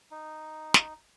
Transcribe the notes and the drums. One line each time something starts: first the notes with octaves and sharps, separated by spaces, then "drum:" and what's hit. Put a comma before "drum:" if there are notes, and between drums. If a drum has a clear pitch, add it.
D#4
drum: snare